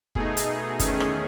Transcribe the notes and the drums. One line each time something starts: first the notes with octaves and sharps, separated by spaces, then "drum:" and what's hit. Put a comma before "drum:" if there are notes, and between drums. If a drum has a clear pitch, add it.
B2 A3 D#4 G#4, drum: kick
drum: hi-hat
E2 D#3 A3 C#4, drum: kick, hi-hat
drum: rim click